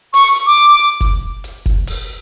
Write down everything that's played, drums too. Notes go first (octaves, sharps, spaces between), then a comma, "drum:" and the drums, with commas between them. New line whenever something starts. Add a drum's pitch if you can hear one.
C#6, drum: open hi-hat
drum: hi-hat
D6
drum: hi-hat
drum: hi-hat
drum: kick F1, hi-hat
drum: hi-hat
drum: kick F1, hi-hat
drum: open hi-hat